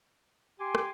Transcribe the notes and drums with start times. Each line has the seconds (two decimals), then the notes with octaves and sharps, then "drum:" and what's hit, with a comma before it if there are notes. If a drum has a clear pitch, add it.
0.60 G4 G#5 C6 D6
0.75 drum: rim click